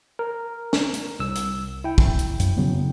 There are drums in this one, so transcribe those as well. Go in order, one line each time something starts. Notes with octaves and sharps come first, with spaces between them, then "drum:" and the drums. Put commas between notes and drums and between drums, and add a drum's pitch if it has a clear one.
A#4
drum: snare
drum: hi-hat
C2 E6
drum: hi-hat
E4 G5
drum: kick
drum: hi-hat
F#2, drum: hi-hat
C#3 F#3 B3